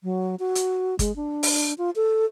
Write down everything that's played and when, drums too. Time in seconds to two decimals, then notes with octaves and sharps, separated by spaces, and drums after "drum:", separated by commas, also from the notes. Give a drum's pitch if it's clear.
0.03 F#3
0.39 F#4
0.55 drum: hi-hat
0.99 G#3, drum: kick G1, hi-hat
1.16 D4
1.43 drum: open hi-hat
1.78 F4
1.96 A4